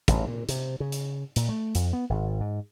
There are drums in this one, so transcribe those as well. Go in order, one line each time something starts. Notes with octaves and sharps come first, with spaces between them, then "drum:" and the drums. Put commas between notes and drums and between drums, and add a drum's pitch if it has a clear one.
A1, drum: kick, hi-hat
A#2
C3, drum: hi-hat
C#3
drum: hi-hat
A#2, drum: hi-hat
A3
F2, drum: hi-hat
B3
G#1
G#2